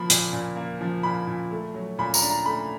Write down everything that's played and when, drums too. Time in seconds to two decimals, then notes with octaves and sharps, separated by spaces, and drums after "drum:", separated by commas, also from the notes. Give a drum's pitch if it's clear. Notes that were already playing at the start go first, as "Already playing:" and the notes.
Already playing: F3 A#3 B5
0.10 A#2, drum: hi-hat
0.33 A#2
0.56 A#3
0.81 F3
1.03 A#2 B5
1.27 A#2
1.51 A3
1.74 F#3
1.98 A#2 B5
2.14 A#5, drum: tambourine
2.22 D4
2.30 A#5
2.46 A3 B5